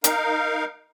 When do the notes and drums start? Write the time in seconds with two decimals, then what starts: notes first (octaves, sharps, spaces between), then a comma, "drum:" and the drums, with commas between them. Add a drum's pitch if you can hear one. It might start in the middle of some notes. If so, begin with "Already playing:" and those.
0.04 D#4 A#4 F5, drum: hi-hat